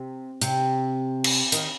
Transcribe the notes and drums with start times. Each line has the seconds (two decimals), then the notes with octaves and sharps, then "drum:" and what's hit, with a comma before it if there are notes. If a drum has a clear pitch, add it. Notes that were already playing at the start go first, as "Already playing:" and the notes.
Already playing: C3
0.41 C3, drum: hi-hat
1.24 drum: cymbal
1.52 D#3, drum: hi-hat